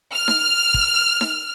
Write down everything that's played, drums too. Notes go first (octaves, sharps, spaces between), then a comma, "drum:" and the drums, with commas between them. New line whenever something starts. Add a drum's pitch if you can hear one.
F6
drum: snare D#4
drum: kick
drum: snare D#4